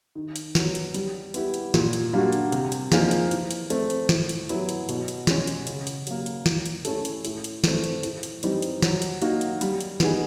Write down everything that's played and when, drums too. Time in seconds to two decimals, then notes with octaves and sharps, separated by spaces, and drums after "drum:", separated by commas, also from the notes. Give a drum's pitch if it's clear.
0.15 D#3
0.36 drum: hi-hat
0.55 F#3 B3, drum: snare
0.75 drum: hi-hat
0.94 G3, drum: hi-hat
1.34 B3 E4 G4, drum: hi-hat
1.54 drum: hi-hat
1.74 A#2, drum: snare
1.93 drum: hi-hat
2.13 G3 A#3 D4 F#4
2.32 drum: hi-hat
2.52 C3, drum: hi-hat
2.72 drum: hi-hat
2.92 F3 A#3 D#4 G#4, drum: snare
3.11 drum: hi-hat
3.31 E3, drum: hi-hat
3.51 drum: hi-hat
3.70 A3 C4, drum: hi-hat
3.90 drum: hi-hat
4.09 A2, drum: snare
4.29 drum: hi-hat
4.49 F#3 B3 E4, drum: hi-hat
4.69 drum: hi-hat
4.89 B2, drum: hi-hat
5.08 drum: hi-hat
5.27 G#3 C#4, drum: snare
5.47 drum: hi-hat
5.67 C#3, drum: hi-hat
5.87 drum: hi-hat
6.07 F#3 A#3, drum: hi-hat
6.26 drum: hi-hat
6.46 E3, drum: snare
6.66 drum: hi-hat
6.85 A3 C#4 E4 A4, drum: hi-hat
7.05 drum: hi-hat
7.25 A2, drum: hi-hat
7.44 drum: hi-hat
7.64 E3 A3 C4, drum: snare
7.84 drum: hi-hat
8.03 A2, drum: hi-hat
8.23 drum: hi-hat
8.43 E3 G3 C4 D#4, drum: hi-hat
8.62 drum: hi-hat
8.82 F#3, drum: snare
9.02 drum: hi-hat
9.22 A#3 D#4 F#4, drum: hi-hat
9.41 drum: hi-hat
9.61 G3, drum: hi-hat
9.81 drum: hi-hat
10.00 B3 D#4 G#4, drum: snare